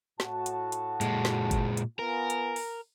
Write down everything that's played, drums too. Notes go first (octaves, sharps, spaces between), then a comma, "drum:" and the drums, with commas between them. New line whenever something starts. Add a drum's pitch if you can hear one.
A2 F#4 A5, drum: snare
drum: hi-hat
drum: hi-hat
A#2 G#3, drum: hi-hat
drum: snare
drum: kick G1, hi-hat
drum: hi-hat
B3 F4 A#4 G#5
drum: hi-hat
drum: open hi-hat